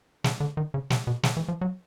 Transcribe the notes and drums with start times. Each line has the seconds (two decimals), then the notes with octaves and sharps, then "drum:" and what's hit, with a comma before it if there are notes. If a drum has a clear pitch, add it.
0.24 C#3, drum: snare
0.40 D3
0.57 D#3
0.74 C#3
0.90 C3, drum: snare
1.07 B2
1.23 C#3, drum: snare
1.37 E3
1.48 F3
1.61 F#3